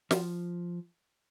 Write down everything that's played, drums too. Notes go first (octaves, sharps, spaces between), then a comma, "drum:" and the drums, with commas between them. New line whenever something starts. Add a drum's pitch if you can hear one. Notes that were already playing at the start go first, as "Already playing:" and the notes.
F3, drum: snare